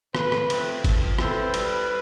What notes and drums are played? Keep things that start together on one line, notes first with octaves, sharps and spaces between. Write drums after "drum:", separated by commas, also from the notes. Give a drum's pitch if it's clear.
A2 B4, drum: rim click
drum: rim click
F3 A3 C4, drum: cymbal
F3, drum: kick G1, cymbal
C4 E4 A4 B4 C5, drum: rim click
G3, drum: cymbal